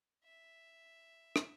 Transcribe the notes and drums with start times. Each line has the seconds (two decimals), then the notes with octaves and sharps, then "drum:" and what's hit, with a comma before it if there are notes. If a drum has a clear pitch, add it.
0.24 E5
1.36 drum: rim click